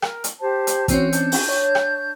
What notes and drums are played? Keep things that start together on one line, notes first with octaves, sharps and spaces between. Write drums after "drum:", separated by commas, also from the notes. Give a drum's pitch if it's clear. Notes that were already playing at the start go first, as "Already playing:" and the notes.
A#4, drum: rim click
drum: hi-hat
G4 C5 A5
drum: hi-hat
E3 C4 C#4 F#4 C5, drum: kick, hi-hat
D4 G6, drum: hi-hat
drum: open hi-hat
C#5
drum: rim click